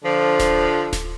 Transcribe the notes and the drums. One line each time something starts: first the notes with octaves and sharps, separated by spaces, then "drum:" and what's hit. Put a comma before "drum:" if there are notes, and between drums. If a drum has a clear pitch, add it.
D3 F3
drum: snare D1
drum: snare D1